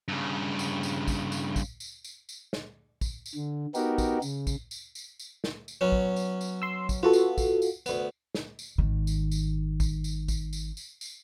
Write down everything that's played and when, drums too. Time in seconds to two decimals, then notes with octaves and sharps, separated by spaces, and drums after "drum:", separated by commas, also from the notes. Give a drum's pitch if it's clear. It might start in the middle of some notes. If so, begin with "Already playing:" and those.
0.08 G2 C#3
0.59 drum: tambourine
0.83 drum: tambourine
1.08 drum: kick, tambourine
1.32 drum: tambourine
1.56 drum: kick, tambourine
1.80 drum: tambourine
2.04 drum: tambourine
2.29 drum: tambourine
2.53 drum: snare
3.01 drum: kick, tambourine
3.26 drum: tambourine
3.35 D3
3.75 B3 D#4 F#4 G4 A#4, drum: tambourine
3.98 drum: kick, tambourine
4.22 C#3, drum: tambourine
4.47 drum: kick, tambourine
4.71 drum: tambourine
4.95 drum: tambourine
5.19 drum: tambourine
5.44 drum: snare
5.68 drum: tambourine
5.81 F#3 B3 C#4
5.92 drum: kick
6.16 drum: tambourine
6.41 drum: tambourine
6.62 C6 E6
6.89 drum: kick, tambourine
7.03 B3 F4 F#4 A4
7.13 drum: tambourine
7.38 drum: kick, tambourine
7.62 drum: tambourine
7.86 D2 B3, drum: tambourine
8.35 drum: snare
8.59 drum: tambourine
8.78 G#1 D#3
9.07 drum: tambourine
9.31 drum: tambourine
9.80 drum: kick, tambourine
10.04 drum: tambourine
10.28 drum: kick, tambourine
10.53 drum: tambourine
10.77 drum: tambourine
11.01 drum: tambourine